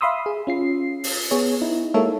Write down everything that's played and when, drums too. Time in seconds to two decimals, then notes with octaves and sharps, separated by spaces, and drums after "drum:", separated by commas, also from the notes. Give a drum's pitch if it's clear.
0.01 E5 F5 B5 C6 D#6 E6
0.26 G#4
0.47 C#4 F4 C7
1.04 drum: open hi-hat
1.31 B3 G#4 C#5
1.62 D#4 E4
1.94 G#3 A#3 D#4 A4 C#5 E5